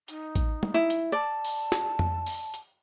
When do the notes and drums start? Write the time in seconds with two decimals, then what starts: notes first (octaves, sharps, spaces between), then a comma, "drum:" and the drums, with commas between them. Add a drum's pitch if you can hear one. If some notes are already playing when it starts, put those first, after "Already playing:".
0.08 D#4, drum: hi-hat
0.36 drum: kick, hi-hat
0.63 drum: tom
0.74 E4
0.90 drum: hi-hat
1.12 D5 A5
1.45 drum: open hi-hat
1.72 drum: snare
1.99 drum: tom F2
2.26 drum: open hi-hat
2.54 drum: hi-hat